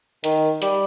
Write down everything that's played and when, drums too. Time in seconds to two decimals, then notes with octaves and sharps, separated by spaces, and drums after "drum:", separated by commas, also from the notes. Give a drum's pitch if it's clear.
0.24 D#3, drum: hi-hat
0.62 G3, drum: hi-hat